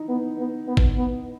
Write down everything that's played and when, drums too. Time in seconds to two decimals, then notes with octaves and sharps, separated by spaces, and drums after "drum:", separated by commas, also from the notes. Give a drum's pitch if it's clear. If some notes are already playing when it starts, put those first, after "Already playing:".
Already playing: D#4 E4
0.09 B3
0.38 B3
0.68 B3
0.77 drum: kick G#1
0.97 B3